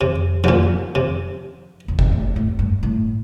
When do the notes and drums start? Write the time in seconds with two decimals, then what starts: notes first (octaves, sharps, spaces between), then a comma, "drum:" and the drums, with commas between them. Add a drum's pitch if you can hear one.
0.01 F2 C3
0.44 C3, drum: tom F3
0.48 A#2
0.95 C3
1.88 E2
1.99 drum: kick F#1
2.12 A2
2.36 A2
2.59 G2
2.83 A2